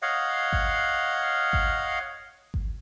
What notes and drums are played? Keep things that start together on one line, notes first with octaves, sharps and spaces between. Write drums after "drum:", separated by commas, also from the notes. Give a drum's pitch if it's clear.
C#5 D#5 F5 F#5
drum: kick G#1
drum: kick G#1
drum: kick G#1